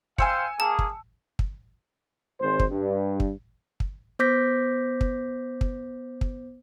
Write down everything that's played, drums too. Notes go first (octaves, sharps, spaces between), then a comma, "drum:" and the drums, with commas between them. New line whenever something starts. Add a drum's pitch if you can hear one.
C5 F5 G5 G#5 E6 C#7, drum: kick
A#3 G#4 A5
drum: kick
drum: kick
G#1 C5
drum: kick
G2
drum: kick
drum: kick
B3 C5 D6 G6 A#6 B6
drum: kick
drum: kick
drum: kick